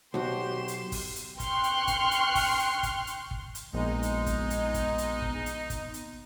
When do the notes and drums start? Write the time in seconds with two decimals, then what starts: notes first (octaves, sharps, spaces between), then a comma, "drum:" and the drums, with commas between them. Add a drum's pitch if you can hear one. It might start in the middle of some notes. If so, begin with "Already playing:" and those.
0.14 B1 F#4 G4 C5 C6 E7
0.68 drum: hi-hat
0.92 drum: kick, open hi-hat
1.16 drum: hi-hat
1.40 G5 C6 C#6 F6 F#6, drum: kick, hi-hat
1.64 drum: hi-hat
1.87 drum: kick, hi-hat
2.11 drum: hi-hat
2.35 drum: kick, open hi-hat
2.59 drum: hi-hat
2.83 drum: kick, hi-hat
3.07 drum: hi-hat
3.31 drum: kick
3.55 drum: hi-hat
3.73 A#1 G#3 B3 D#4
4.03 drum: hi-hat
4.26 drum: kick, hi-hat
4.50 drum: hi-hat
4.74 drum: kick, hi-hat
4.98 drum: hi-hat
5.22 drum: kick
5.46 drum: hi-hat
5.70 drum: kick, hi-hat
5.94 drum: hi-hat